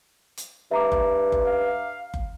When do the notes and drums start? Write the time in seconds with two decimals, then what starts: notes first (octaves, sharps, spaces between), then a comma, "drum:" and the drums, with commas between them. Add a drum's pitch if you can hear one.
0.37 drum: hi-hat
0.71 G2 E5 A#5 D6
0.92 drum: kick F#1
1.32 drum: kick F#1
1.46 F5
2.14 drum: kick F#1